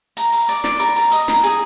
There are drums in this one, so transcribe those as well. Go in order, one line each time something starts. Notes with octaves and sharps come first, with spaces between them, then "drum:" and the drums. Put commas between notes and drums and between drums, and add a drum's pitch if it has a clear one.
A#5, drum: hi-hat
A#5, drum: open hi-hat
D5, drum: hi-hat
D5, drum: snare
A#4, drum: hi-hat
A#5, drum: open hi-hat
D#5, drum: hi-hat
A#5, drum: snare
G#4, drum: hi-hat